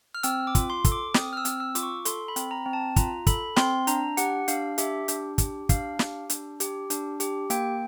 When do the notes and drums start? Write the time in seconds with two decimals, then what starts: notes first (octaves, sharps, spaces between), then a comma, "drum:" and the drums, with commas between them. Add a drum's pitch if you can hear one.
0.15 F6
0.23 C4 E6, drum: hi-hat
0.47 D6
0.55 F4, drum: kick, hi-hat
0.70 C6
0.84 A4, drum: kick, hi-hat
0.92 D6
1.14 C4 D#6, drum: snare
1.33 F6
1.37 E6
1.45 C4, drum: hi-hat
1.60 E6
1.75 F4 D6, drum: hi-hat
1.83 C#6
2.05 A4 C6, drum: hi-hat
2.28 B5
2.36 C4, drum: hi-hat
2.51 A#5
2.66 C4
2.73 A5
2.96 F4 A#5, drum: kick, hi-hat
3.27 A4 B5, drum: kick, hi-hat
3.56 C4 C6, drum: snare
3.87 D4 A#5, drum: hi-hat
4.17 G4 F#5, drum: hi-hat
4.48 D4 F5, drum: hi-hat
4.78 G4 E5, drum: hi-hat
5.08 D4, drum: hi-hat
5.38 G4, drum: kick, hi-hat
5.69 D4 F5, drum: kick, hi-hat
5.99 G4, drum: snare
6.30 D4, drum: hi-hat
6.60 G4, drum: hi-hat
6.90 D4, drum: hi-hat
7.20 G4, drum: hi-hat
7.50 A#3 G5, drum: hi-hat